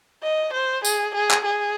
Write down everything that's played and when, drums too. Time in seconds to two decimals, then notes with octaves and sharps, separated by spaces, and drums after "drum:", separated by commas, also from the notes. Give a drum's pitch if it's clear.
0.23 D#5
0.54 C5
0.85 G#4, drum: tambourine
1.15 G#4
1.31 drum: clap
1.45 G#4